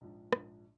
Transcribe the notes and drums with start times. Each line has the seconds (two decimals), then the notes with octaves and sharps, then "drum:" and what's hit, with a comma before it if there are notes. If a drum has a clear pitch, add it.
0.01 A#1 G#2 F3
0.33 A#1 G#2 F3, drum: rim click